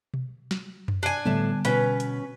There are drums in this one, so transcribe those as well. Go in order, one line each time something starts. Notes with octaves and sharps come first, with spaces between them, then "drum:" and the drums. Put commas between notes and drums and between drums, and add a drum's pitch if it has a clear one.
drum: tom B2
drum: snare
drum: tom F#2
D4 G#5
A2 D3 G3 B3 A4 E5
B2 C#4 B4, drum: hi-hat
drum: hi-hat